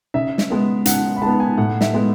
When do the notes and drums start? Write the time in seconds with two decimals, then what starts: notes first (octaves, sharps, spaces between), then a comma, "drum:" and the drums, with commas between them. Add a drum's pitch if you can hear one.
0.14 C#3 E5
0.38 drum: snare
0.50 G#3 B3
0.86 C#3 F#5, drum: hi-hat
1.16 B5
1.22 G#3 B3 A5
1.40 G#5
1.58 A2 F#5
1.81 E5, drum: snare
1.93 G#3 B3